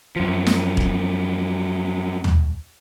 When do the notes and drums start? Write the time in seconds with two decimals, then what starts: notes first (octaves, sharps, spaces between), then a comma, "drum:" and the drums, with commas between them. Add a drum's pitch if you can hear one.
0.16 F#2 F3
0.47 drum: snare
0.77 drum: kick E1
2.24 drum: tom